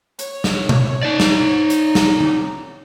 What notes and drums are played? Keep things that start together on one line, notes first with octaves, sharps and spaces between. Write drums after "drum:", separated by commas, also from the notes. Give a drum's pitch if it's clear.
C#5, drum: hi-hat
drum: snare
drum: tom B2
D#4 D5
drum: snare
drum: hi-hat
drum: snare
drum: tom D#3